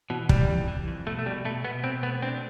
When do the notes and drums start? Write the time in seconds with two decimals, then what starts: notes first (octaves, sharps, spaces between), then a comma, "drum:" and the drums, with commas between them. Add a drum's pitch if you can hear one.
0.10 B2 E3
0.29 E3 G3, drum: kick
0.49 F2
0.68 E3
0.88 F2
1.06 B2 A3
1.19 A3
1.26 B2 G3
1.45 B2 A3
1.64 B2 B3
1.83 B2 C4
2.03 A3 B3
2.22 C4 D4